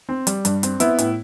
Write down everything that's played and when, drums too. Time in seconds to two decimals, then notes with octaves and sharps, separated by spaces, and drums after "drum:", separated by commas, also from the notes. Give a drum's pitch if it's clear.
0.09 C4
0.27 G3, drum: hi-hat
0.45 G2, drum: hi-hat
0.63 C4, drum: hi-hat
0.80 B3 E4, drum: hi-hat
0.98 A2, drum: hi-hat